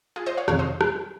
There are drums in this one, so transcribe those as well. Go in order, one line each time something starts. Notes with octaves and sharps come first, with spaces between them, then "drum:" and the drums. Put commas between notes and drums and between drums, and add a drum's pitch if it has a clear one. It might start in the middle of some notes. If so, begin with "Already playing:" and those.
F4 G#4
C5 D#5
C#5 F5
F2 C3 D#3 C#5 F5, drum: rim click
C5 D#5
drum: rim click